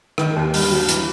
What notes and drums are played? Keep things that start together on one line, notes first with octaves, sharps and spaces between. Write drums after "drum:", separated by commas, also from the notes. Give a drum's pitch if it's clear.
D#3, drum: rim click
D#2
G2, drum: open hi-hat
F#3
E3, drum: hi-hat